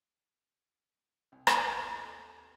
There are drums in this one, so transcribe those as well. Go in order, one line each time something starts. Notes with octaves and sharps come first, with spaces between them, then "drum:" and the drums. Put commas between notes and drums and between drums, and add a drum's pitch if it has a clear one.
C2
drum: rim click
D#2 E4 G4
A4 D#5 A#5